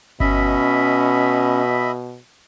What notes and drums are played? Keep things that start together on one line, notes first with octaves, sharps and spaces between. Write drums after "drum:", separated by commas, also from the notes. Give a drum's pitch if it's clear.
B2 C#4 D#5 E5 B5, drum: kick G1